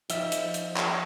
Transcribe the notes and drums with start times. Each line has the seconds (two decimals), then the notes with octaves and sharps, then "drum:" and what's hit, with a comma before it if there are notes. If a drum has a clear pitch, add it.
0.10 F3 D#4 E5, drum: hi-hat
0.32 drum: hi-hat
0.54 drum: hi-hat
0.77 drum: clap